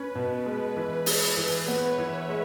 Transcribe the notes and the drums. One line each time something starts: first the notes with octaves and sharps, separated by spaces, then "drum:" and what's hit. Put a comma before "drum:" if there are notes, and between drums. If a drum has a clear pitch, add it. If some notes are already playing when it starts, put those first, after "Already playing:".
Already playing: C#4 B4
B2
G#3
E3
G#3, drum: open hi-hat
E3
B3 C#5
E3 E5
G#3